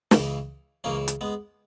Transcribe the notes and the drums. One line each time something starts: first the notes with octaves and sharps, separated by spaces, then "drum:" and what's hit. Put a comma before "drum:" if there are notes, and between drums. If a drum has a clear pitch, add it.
C#2 C#3 E3, drum: snare
C#2 C#3 E3 A#3 C#4
drum: hi-hat
G#3 B3